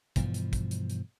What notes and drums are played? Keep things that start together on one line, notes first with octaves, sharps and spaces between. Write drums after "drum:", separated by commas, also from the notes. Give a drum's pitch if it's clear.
G2 B2 E3 F3, drum: kick, hi-hat
drum: hi-hat
drum: kick, hi-hat
drum: hi-hat
drum: hi-hat